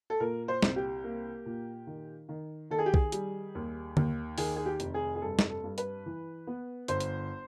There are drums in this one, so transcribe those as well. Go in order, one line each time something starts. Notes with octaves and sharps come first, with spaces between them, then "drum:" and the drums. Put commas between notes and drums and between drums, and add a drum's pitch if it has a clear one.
A4
A#2 A#4
C5
C2, drum: snare
G4
A#3
A#2
D#3
D#3
D#3 A4
G#4
G4
G#4, drum: kick B1
G3, drum: hi-hat
D#2
D#2, drum: tom D3
D#3 G#4, drum: open hi-hat
G#4
G4
F1, drum: hi-hat
G#4
G#4
G2 A4
drum: snare
A4
G2
B4, drum: hi-hat
E3
B3
G1 C5, drum: hi-hat
drum: hi-hat